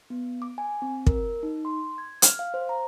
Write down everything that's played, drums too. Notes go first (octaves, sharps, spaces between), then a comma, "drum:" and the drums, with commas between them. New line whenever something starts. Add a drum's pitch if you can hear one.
B3
D6
G#5
C4
A#4, drum: kick
D#4
C6
G#6
F6, drum: hi-hat
F5
C5
A#5